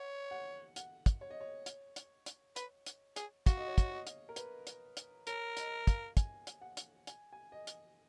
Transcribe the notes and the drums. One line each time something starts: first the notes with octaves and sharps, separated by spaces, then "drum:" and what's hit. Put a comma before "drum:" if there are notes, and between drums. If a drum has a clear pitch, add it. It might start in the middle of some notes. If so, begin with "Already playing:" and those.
Already playing: C#5 F#5
F#5
F#5, drum: hi-hat
drum: kick, hi-hat
C#5
D#5
C#5
drum: hi-hat
drum: hi-hat
drum: hi-hat
B4, drum: hi-hat
drum: hi-hat
G#4, drum: hi-hat
F#4 F5, drum: kick, hi-hat
D#5
C#5
D#5, drum: kick, hi-hat
D#5
drum: hi-hat
A#4
B4, drum: hi-hat
drum: hi-hat
drum: hi-hat
A#4 C#5, drum: hi-hat
D#5, drum: hi-hat
F5, drum: kick, hi-hat
G#5, drum: kick, hi-hat
drum: hi-hat
F#5
drum: hi-hat
G#5, drum: hi-hat
G#5
D#5
drum: hi-hat